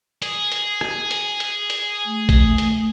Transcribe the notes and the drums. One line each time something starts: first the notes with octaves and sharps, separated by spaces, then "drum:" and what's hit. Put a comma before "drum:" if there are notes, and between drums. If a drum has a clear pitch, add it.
G#4, drum: hi-hat
drum: hi-hat
drum: rim click
drum: hi-hat
drum: hi-hat
drum: hi-hat
A3
drum: kick A1, hi-hat
drum: hi-hat